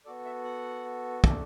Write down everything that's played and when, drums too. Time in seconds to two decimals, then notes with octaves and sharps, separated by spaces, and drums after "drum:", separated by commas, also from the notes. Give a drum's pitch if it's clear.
0.05 B3 F#4 A4 D5
0.25 E5
0.44 F#5
1.24 A3 D4 A4, drum: kick